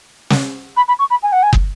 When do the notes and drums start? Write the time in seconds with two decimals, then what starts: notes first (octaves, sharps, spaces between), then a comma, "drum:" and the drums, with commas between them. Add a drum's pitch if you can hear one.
0.30 drum: snare
0.76 B5
0.88 B5
0.99 C#6
1.10 B5
1.23 G#5
1.32 F#5
1.43 G#5
1.53 drum: kick